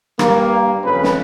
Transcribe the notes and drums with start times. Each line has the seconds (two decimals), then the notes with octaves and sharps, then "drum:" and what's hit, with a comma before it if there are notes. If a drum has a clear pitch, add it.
0.19 G2 A#3, drum: rim click
0.85 F2 C#3 B4
1.03 drum: snare